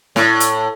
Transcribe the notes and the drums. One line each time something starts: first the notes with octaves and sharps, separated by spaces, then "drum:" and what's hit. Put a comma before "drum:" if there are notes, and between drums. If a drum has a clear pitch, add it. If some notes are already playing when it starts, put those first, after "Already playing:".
A2, drum: snare
drum: hi-hat